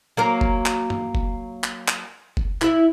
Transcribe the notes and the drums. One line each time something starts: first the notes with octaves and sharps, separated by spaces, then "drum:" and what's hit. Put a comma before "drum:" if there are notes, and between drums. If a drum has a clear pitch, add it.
F#3 A#3 A#4
drum: kick F#1
drum: clap
drum: tom G2
drum: kick F#1
drum: clap
drum: clap
drum: kick F#1
E4 E5, drum: clap